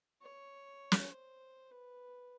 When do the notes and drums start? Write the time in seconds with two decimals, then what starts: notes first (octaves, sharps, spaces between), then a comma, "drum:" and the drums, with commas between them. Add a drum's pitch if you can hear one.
0.21 C#5
0.92 drum: snare
1.11 C5
1.71 B4